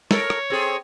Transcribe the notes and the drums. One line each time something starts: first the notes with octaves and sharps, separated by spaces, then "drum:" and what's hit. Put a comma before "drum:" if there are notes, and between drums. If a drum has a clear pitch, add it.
A4 A#4 C#5, drum: snare
drum: rim click
C4 G#4 A4